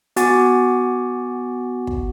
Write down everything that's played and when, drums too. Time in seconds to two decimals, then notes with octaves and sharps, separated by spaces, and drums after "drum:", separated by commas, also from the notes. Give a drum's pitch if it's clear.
0.16 B3 F#4 F#5 G#5 D6 A6, drum: hi-hat
1.87 drum: kick